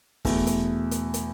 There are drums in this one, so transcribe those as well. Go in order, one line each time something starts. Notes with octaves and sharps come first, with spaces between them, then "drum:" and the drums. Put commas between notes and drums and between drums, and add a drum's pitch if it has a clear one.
E2 B2 A3, drum: kick, open hi-hat
drum: hi-hat
drum: hi-hat
drum: hi-hat